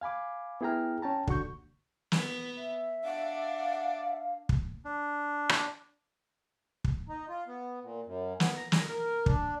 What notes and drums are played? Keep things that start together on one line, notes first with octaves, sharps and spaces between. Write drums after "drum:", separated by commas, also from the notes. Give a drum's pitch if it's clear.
F5 G#5 B5 D6
B3 E4 G#4 G5 A#5 F6
C#4 G5 A5 A#5
D3 F#4 C#6 G6, drum: kick
B3, drum: snare
E5
D4 D5 F5 F#5
drum: kick
D4
drum: rim click
drum: kick
D#4
F4
B3
A#2
F#2
B3, drum: snare
A#5
A#5, drum: snare
A#4
D4, drum: kick